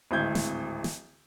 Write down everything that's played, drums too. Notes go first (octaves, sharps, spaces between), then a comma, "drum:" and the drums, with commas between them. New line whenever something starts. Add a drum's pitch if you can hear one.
D1 G#1 E4 G6 G#6
drum: snare
drum: snare